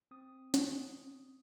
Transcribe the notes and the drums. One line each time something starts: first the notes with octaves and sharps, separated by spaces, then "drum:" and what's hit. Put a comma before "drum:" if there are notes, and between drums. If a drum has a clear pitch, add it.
C4 D#6
drum: snare